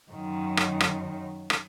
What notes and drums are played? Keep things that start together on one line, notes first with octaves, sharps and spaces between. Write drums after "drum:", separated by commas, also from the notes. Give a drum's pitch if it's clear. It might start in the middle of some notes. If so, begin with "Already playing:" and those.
F#2 D#3
drum: rim click
drum: rim click
drum: rim click